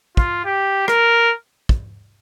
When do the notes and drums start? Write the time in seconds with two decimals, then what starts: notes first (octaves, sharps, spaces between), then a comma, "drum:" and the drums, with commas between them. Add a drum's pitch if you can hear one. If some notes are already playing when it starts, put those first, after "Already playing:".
0.17 F4, drum: kick
0.45 G4
0.88 A#4, drum: rim click
1.69 drum: kick